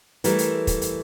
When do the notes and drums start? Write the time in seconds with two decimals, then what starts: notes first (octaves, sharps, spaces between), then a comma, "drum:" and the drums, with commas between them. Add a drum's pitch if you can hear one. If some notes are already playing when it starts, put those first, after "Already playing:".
0.24 E3 G3 A3 A#4, drum: hi-hat
0.38 drum: hi-hat
0.67 drum: kick, hi-hat
0.82 drum: hi-hat